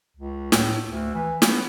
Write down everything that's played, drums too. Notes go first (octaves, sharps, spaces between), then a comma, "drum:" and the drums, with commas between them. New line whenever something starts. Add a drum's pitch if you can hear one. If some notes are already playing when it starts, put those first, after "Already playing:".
C#2
A2, drum: snare
D2
E3
B3, drum: snare